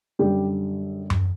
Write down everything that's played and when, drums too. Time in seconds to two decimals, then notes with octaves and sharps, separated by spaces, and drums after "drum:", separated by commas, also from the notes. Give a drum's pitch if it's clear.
0.19 F#2 D3 G3 G4
1.10 drum: tom F#2